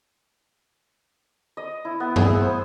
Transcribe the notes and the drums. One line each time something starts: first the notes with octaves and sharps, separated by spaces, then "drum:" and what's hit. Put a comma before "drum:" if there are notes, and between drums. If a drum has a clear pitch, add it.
D#5
E4
B3
G#4, drum: tom
E5
C5